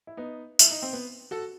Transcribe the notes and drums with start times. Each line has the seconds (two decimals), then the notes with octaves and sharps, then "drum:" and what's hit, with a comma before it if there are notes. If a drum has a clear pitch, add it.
0.07 E4
0.17 B3 D#4
0.59 E4, drum: tambourine
0.71 D#4
0.82 C4
0.93 B3
1.31 F#4 A4